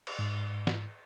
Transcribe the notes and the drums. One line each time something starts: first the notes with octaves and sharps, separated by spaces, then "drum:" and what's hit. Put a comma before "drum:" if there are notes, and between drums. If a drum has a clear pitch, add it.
drum: cymbal
G#2
drum: snare